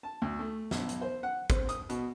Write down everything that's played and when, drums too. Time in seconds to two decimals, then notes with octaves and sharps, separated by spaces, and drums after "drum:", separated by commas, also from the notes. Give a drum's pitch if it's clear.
0.03 A5
0.22 D2
0.39 A3
0.71 B1, drum: snare
0.89 drum: hi-hat
1.01 C5
1.23 F#5
1.50 C4, drum: kick G#1, hi-hat
1.69 D#6, drum: hi-hat
1.89 B2, drum: hi-hat